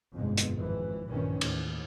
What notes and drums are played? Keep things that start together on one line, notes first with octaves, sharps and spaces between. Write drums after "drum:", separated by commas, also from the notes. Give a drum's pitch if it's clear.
G1 F2 G#2 B2 G#3
drum: hi-hat
G#1 F2 E3
A#1 G2 D#3 E3 C#4
D#2 A2, drum: cymbal